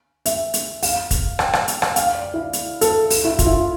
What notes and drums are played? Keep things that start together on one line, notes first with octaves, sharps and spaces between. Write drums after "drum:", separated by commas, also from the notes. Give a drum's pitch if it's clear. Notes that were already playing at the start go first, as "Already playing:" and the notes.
E5, drum: hi-hat
drum: hi-hat
F5, drum: open hi-hat
drum: kick, hi-hat
G5, drum: rim click
drum: rim click
drum: hi-hat
drum: rim click
G5
F5, drum: hi-hat
D5
E4
drum: hi-hat
A4, drum: hi-hat
drum: open hi-hat
E4
F4, drum: kick, hi-hat
E4
F4